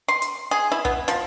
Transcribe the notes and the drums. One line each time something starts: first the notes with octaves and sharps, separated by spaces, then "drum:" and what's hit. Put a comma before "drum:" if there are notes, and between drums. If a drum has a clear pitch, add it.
C6
drum: hi-hat
G#4
E4
B3, drum: kick
F3, drum: hi-hat